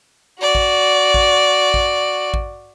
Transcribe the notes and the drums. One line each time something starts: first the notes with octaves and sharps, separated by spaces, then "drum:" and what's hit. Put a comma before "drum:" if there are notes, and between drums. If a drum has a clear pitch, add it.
F#4 D5
drum: kick A1
drum: kick A1
drum: kick A1
drum: kick A1